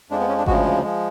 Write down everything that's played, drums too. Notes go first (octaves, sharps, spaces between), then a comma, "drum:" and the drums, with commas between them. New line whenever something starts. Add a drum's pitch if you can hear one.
F2 F3 G#3 D4
B3
C#4
D4
D2 C#3 F3 G#3 F#4, drum: kick G#1
F3 G#3